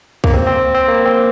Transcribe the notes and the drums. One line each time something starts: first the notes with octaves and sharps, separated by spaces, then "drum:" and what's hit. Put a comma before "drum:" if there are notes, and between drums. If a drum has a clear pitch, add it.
A#3, drum: kick C2
C4
C4
C4
A#3
C4